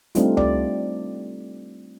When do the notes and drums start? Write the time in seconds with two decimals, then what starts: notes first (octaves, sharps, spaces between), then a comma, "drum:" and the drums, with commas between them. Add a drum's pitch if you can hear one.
0.15 G3 A3 C4 D4 D#4 F4, drum: hi-hat
0.37 D5, drum: tom C#2